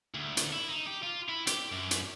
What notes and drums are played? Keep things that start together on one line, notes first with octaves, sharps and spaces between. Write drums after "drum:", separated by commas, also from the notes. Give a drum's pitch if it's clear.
D2
drum: hi-hat
E4
D#4
G4
F4
E4
G4, drum: hi-hat
F#2
drum: hi-hat